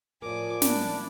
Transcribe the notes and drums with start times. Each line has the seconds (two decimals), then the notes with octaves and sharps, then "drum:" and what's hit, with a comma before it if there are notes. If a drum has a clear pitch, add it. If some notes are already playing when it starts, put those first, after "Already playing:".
0.22 A2 F3 A#4 C#5 D5 G#5 D6
0.62 D4 E4, drum: snare